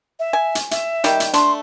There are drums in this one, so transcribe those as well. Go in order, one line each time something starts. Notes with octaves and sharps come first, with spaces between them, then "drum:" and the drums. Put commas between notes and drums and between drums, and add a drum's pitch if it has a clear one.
E5
G#5
drum: hi-hat
E5, drum: hi-hat
D#3 G3 G4, drum: hi-hat
drum: hi-hat
A3 D4 C6, drum: hi-hat